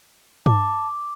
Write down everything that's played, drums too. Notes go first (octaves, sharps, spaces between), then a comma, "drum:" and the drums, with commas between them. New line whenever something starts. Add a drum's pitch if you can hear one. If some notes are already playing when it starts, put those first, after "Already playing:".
A5 D6, drum: tom G2